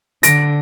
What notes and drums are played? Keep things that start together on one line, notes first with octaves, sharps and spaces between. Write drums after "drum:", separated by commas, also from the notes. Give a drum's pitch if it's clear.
D3 A#6 D7, drum: hi-hat